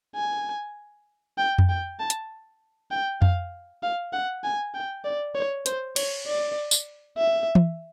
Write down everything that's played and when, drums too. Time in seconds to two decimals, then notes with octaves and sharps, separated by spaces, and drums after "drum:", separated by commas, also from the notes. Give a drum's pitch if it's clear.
0.16 G#5
1.38 G5
1.58 drum: tom F2
1.69 G5
1.99 A5
2.10 drum: hi-hat
2.91 G5
3.22 F5, drum: tom F2
3.83 F5
4.13 F#5
4.44 G#5
4.74 G5
5.05 D5
5.35 C#5
5.66 C5, drum: hi-hat
5.96 C#5, drum: cymbal
6.27 D5
6.71 drum: tambourine
7.18 E5
7.55 drum: tom E3